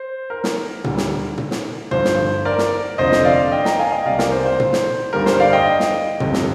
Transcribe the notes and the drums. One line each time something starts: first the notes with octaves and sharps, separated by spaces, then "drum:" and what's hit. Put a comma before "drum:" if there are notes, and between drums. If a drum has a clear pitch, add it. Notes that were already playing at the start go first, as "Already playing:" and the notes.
Already playing: C5
A#4
drum: snare
D2 D3 G3, drum: tom
drum: snare
drum: tom
drum: snare
G1 G2 F3 C5, drum: tom
drum: snare
A#4 D5
drum: snare
F1 F2 D3 F3 C5 D#5
drum: snare
D5 F5
D#5 G5
G5 A#5, drum: snare
F5 G#5
D#5 G5
C2 C3 G3 D5 F5
A#4 D5, drum: snare
C5
C5
C5, drum: tom
drum: snare
G1 G2 D3 G3 A#4
C5, drum: snare
D5 F5
D#5 G5
drum: snare
G1 F2 C3 G3, drum: tom
drum: snare